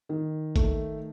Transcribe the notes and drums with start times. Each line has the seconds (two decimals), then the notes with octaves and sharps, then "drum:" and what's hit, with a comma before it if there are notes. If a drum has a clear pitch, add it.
0.09 D#3
0.56 A3, drum: kick G#1, hi-hat